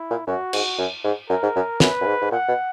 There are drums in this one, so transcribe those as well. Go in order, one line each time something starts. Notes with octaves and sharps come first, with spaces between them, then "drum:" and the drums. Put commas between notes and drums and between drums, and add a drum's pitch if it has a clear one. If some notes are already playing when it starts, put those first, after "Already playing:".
Already playing: E4
A#2
F#2 F#4
G#2, drum: cymbal
F#2
G#2
F#2 A#4
G#2
F#2
F#2 B4, drum: snare
F#2
G#2
G#2
A#2 F#5
B2